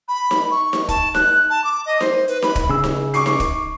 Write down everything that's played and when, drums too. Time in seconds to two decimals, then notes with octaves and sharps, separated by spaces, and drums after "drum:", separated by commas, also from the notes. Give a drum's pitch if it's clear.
0.08 B5
0.31 drum: snare D#4
0.51 C#6
0.73 drum: snare D#4
0.88 A5, drum: kick, hi-hat
1.15 F#6, drum: snare D#4
1.50 A5
1.64 D6
1.86 D#5
2.00 C5, drum: snare D#4
2.28 B4, drum: hi-hat
2.42 B5, drum: snare D#4
2.56 drum: kick, hi-hat
2.70 C#3 E6
2.84 drum: snare D#4
3.14 C#6 D6 C7, drum: hi-hat
3.26 drum: snare D#4
3.40 drum: kick, hi-hat